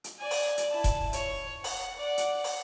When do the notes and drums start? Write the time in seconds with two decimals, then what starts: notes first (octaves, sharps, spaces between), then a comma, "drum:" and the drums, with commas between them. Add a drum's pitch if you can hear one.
0.04 drum: hi-hat
0.19 D5 G#5
0.31 drum: open hi-hat
0.58 drum: hi-hat
0.70 E4 A5
0.84 drum: kick E1, hi-hat
1.13 C#5, drum: hi-hat
1.64 F#5, drum: open hi-hat
1.98 D5 F#5
2.18 drum: hi-hat
2.44 drum: open hi-hat